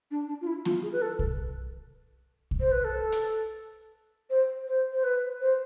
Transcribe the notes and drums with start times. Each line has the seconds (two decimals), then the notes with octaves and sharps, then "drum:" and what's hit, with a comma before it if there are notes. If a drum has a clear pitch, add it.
0.11 D4
0.28 D4
0.41 F4
0.47 E4
0.65 F4, drum: snare B3
0.83 G#4
0.93 B4
1.02 A4
1.19 drum: kick
2.51 drum: kick
2.60 C5
2.72 B4
2.84 A4
3.12 drum: hi-hat
4.30 C5
4.67 C5
4.92 C5
5.04 B4
5.41 C5